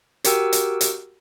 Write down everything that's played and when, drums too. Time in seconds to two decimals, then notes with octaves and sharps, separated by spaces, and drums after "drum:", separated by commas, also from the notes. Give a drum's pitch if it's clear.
0.24 F#4 G4 A#4 G5 E6, drum: hi-hat
0.53 drum: hi-hat
0.81 drum: hi-hat